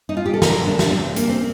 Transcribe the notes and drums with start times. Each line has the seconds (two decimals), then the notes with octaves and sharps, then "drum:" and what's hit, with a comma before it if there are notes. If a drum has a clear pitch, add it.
0.09 D#4
0.17 F4
0.26 G4
0.34 A4
0.42 A#4, drum: snare
0.67 D4
0.79 drum: snare
0.91 C4
1.16 A#3, drum: hi-hat
1.29 C4